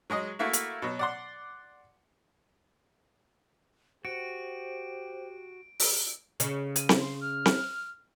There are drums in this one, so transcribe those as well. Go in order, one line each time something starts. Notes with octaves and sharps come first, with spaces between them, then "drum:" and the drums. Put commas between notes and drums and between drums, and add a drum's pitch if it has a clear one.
F#3 G#3 G#4 D#5
A3 A#3 E4 F#4
drum: hi-hat
B2 F#3
D5 F#5 C6
F#4 G4 C5 D7
drum: open hi-hat
C#3, drum: hi-hat
D#7, drum: hi-hat
drum: snare C4
C6
F6
drum: snare C4